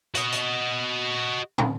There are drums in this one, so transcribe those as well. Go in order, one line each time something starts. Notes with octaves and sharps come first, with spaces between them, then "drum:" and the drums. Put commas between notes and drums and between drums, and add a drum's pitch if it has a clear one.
F#4 D#5, drum: hi-hat
drum: hi-hat
drum: tom